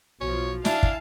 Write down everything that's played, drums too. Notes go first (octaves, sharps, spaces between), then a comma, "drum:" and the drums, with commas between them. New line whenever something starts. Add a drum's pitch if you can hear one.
B1 F3 F#4 C#5
D4 E4 F5 G#5 A5, drum: snare
drum: kick